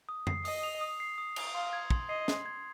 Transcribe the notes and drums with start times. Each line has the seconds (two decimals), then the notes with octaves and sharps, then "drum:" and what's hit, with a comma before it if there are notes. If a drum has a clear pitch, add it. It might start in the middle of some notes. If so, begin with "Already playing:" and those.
0.09 D#6
0.27 C7, drum: tom
0.45 D#5 D#6, drum: open hi-hat
0.63 F7
0.81 D#6
1.00 C7
1.18 D#6
1.36 F7, drum: cymbal
1.54 F5 C6
1.73 G#6
1.90 C6, drum: kick
2.09 D#5 C7
2.28 C6, drum: snare
2.46 G#6